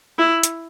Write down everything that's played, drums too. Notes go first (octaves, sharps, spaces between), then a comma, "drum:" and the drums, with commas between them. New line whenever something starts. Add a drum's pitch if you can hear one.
E4
drum: hi-hat